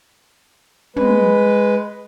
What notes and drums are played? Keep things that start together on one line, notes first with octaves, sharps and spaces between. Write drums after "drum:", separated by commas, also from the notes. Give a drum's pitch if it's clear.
G#3 B4, drum: tom